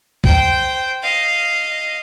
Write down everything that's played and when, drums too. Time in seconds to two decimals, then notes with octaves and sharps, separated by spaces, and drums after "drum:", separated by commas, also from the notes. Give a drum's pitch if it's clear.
0.24 C5 G5, drum: kick C2
1.02 D#5 F5